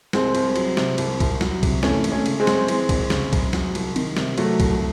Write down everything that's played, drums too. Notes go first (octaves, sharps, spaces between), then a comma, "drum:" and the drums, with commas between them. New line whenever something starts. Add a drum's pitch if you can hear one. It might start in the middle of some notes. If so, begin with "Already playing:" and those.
C2 G#3 C4, drum: snare
C2, drum: cymbal
F#3, drum: cymbal
C3, drum: snare
C2, drum: cymbal
C2, drum: kick, cymbal
F#3, drum: snare
C3, drum: kick, cymbal
E3 A3 C#4, drum: snare
G#1, drum: cymbal
A3 C#4
C#3, drum: cymbal
G#3 C4
F#2, drum: snare
E3, drum: cymbal
G#1, drum: kick, cymbal
C#3, drum: snare
F#2, drum: kick, cymbal
F#3, drum: snare
C2, drum: cymbal
D#3, drum: cymbal
C3, drum: snare
F#3 A3, drum: cymbal
C2, drum: kick, cymbal